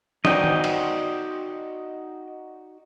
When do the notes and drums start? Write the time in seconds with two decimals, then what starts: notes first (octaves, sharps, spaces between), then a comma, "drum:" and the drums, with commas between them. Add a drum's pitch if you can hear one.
0.25 D#4 F#4 D5 D#5 G5, drum: snare
0.44 drum: tom
0.64 drum: cymbal